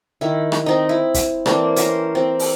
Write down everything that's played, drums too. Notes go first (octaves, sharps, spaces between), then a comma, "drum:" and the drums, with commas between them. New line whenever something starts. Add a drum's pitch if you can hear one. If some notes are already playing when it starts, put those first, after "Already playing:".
D#3 E4
drum: rim click
C4 D#4
E4
drum: kick, hi-hat
E3 A#3 C4 D4, drum: rim click
C#4 A#4 C5, drum: hi-hat
C4
drum: open hi-hat